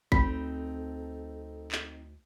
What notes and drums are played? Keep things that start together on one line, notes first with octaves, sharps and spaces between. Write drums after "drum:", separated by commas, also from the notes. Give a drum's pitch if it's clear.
D2 C4 D#4 A4 B5, drum: kick A1
drum: clap